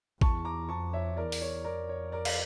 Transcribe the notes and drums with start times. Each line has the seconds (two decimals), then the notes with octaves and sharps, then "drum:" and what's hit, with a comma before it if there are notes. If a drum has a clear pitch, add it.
0.21 E2 A5 C#6, drum: kick A1
0.45 A#5 D6
0.69 F2 A5 C#6
0.93 C#5 E5
1.17 E2 A#4 D5
1.32 drum: open hi-hat
1.41 C#5
1.64 F2 A#4 D5
1.89 C#5
2.12 A#4 D5
2.25 F5, drum: cymbal